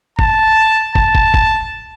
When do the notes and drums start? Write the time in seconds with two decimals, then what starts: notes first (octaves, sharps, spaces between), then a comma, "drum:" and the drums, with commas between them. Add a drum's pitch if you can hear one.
0.19 A5, drum: kick
0.95 A5, drum: kick
1.15 drum: kick
1.34 drum: kick